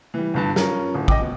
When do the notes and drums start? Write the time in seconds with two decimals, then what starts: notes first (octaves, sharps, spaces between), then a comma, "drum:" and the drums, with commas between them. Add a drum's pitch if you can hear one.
0.14 E3 G3
0.34 G1 G2 A5
0.56 C#4 F4 A#4, drum: snare
0.94 D1
1.08 D#5 G5 D6, drum: kick
1.21 B2